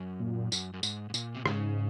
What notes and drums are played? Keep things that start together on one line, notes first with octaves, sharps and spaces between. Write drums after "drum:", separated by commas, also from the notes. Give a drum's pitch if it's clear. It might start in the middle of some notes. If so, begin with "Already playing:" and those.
Already playing: F#2
A#2
F#2, drum: tambourine
F#2
G#2, drum: tambourine
G#2
A#2, drum: tambourine
C3
G#2 C#3, drum: rim click